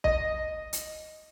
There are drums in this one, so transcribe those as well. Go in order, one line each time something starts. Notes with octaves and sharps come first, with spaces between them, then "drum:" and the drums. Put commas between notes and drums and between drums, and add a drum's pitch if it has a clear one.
D#5, drum: kick
drum: hi-hat